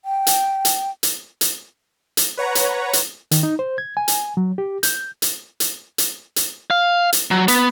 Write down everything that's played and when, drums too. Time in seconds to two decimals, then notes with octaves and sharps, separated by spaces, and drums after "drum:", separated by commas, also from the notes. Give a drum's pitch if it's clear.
0.05 G5
0.27 drum: hi-hat
0.65 drum: hi-hat
1.03 drum: hi-hat
1.41 drum: hi-hat
2.17 drum: hi-hat
2.37 B4 C#5 F#5 A#5
2.55 drum: hi-hat
2.93 drum: hi-hat
3.31 D#3, drum: hi-hat
3.43 D#4
3.59 C5
3.78 G#6
3.97 G#5
4.08 drum: hi-hat
4.37 F#3
4.58 G4
4.83 G6, drum: hi-hat
5.22 drum: hi-hat
5.60 drum: hi-hat
5.98 drum: hi-hat
6.36 drum: hi-hat
6.70 F5
7.13 drum: hi-hat
7.31 F#3
7.48 B3, drum: hi-hat